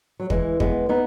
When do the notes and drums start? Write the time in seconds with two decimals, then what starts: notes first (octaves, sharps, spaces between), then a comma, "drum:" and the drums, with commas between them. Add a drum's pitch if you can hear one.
0.20 F#3
0.30 E3 G#3, drum: kick
0.60 G#3 B3, drum: kick
0.89 B3 D#4